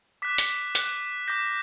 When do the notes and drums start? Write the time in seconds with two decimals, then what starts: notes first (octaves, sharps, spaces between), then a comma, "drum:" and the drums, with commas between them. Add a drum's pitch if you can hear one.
0.22 D6 F#6 B6
0.38 drum: hi-hat
0.75 D6 F#6, drum: hi-hat
1.28 D6 G6 A#6